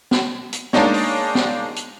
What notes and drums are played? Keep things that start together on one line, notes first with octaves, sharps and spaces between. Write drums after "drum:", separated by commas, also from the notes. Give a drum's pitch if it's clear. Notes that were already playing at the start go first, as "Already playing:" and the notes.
drum: snare
drum: hi-hat
G#3 A#3 D4 D#4 C#5, drum: snare
drum: open hi-hat
drum: snare
drum: hi-hat